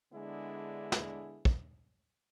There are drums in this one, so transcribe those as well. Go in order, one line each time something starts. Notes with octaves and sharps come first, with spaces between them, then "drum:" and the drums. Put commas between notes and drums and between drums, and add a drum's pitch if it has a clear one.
D3 G#3 B3 D4 E4 G#4
drum: snare
drum: kick